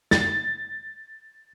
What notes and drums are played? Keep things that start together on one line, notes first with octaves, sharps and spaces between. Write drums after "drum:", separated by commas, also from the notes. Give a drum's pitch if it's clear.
A6, drum: snare